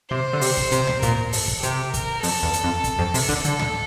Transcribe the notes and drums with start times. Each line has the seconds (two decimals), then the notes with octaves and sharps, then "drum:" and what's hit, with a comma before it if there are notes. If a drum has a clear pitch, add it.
0.11 C3 C5
0.33 D3
0.41 C3, drum: open hi-hat
0.57 drum: kick
0.72 C3, drum: hi-hat
0.87 drum: tom
1.02 A#2 A#4, drum: kick, hi-hat
1.33 A4, drum: open hi-hat
1.48 drum: kick
1.63 C3 G4, drum: hi-hat
1.94 A#4, drum: kick, hi-hat
2.23 F2 A4, drum: open hi-hat
2.43 E2
2.54 drum: hi-hat
2.64 F2
2.84 drum: kick, hi-hat
2.99 F2
3.14 C3, drum: open hi-hat
3.29 D3, drum: kick
3.44 D3 A4, drum: hi-hat
3.59 drum: tom